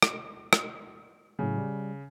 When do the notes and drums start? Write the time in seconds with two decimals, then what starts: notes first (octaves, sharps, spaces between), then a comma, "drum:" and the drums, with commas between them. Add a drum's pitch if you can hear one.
0.02 drum: rim click
0.53 drum: rim click
1.39 A2 C#3 F#3
1.58 G3